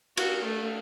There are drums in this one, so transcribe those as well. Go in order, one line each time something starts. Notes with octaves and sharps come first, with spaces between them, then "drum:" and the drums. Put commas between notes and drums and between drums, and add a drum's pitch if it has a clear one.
F#4, drum: cymbal
A3